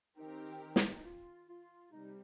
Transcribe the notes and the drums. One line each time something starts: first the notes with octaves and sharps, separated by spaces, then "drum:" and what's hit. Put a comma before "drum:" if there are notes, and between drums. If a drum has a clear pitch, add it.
D#3 C4 D#4 G4 A#4
drum: snare
D#4
F4
F4
C3 G3 D#4